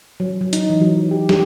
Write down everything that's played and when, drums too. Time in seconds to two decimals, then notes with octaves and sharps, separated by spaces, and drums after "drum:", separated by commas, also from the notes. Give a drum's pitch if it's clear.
0.20 F#3
0.41 F#3
0.53 D#4, drum: hi-hat
0.70 E3
0.81 F#3
0.97 F#3
1.11 G4
1.29 G4, drum: snare